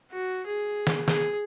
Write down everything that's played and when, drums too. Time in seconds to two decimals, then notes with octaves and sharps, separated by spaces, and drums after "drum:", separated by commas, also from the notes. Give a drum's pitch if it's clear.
0.11 F#4
0.47 G#4
0.87 drum: snare
1.08 G#4, drum: snare